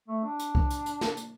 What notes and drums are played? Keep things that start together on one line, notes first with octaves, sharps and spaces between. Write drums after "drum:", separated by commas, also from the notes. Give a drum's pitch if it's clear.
A3
D4
drum: hi-hat
drum: kick C2
drum: hi-hat
drum: hi-hat
drum: snare
drum: hi-hat